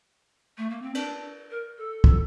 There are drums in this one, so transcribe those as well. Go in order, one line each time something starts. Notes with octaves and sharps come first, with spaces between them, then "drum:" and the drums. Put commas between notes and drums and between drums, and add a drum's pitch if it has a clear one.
A3
A#3
C4
D4, drum: cymbal
A#4
A4
drum: kick